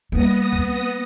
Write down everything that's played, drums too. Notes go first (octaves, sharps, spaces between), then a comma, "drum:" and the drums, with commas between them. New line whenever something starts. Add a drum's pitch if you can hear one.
G3 A#3 B3 D#6 A#6, drum: kick C#2
drum: kick C#2